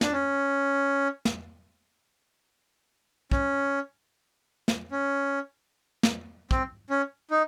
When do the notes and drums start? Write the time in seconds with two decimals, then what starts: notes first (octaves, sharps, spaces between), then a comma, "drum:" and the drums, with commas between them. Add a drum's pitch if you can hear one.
0.01 D4, drum: snare
0.12 C#4
1.25 drum: snare
3.32 C#4, drum: kick
4.68 drum: snare
4.91 C#4
6.03 drum: snare
6.51 C4, drum: kick
6.90 C#4
7.31 D#4